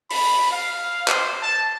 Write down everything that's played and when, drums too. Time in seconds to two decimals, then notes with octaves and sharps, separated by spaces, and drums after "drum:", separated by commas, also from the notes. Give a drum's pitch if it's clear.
0.10 B5, drum: open hi-hat
0.51 F5
1.08 C5, drum: clap
1.42 A5